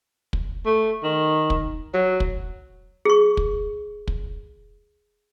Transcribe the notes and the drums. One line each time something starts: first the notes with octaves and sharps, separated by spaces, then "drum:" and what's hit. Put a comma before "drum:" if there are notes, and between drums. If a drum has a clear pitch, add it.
drum: kick
A3
D#3
drum: kick
F#3
drum: kick
G#4 C#6
drum: kick
drum: kick